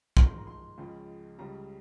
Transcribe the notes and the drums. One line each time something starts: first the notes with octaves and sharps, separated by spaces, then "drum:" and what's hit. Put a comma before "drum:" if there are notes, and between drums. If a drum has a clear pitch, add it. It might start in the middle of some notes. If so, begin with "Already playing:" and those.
G#1 G#2 F3 G#3 A#5, drum: kick
C6
A#5
C6
C#2 C#3 F3 G#3
C#2 C#3 G3 A#5